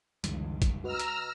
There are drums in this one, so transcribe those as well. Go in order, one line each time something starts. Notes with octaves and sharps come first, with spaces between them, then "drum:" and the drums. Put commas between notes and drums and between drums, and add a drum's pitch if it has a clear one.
C#2 F#2 D3 E3 G3 G#3, drum: hi-hat
drum: kick, hi-hat
F#4 B4 D#5 A#5 E6 F6
drum: hi-hat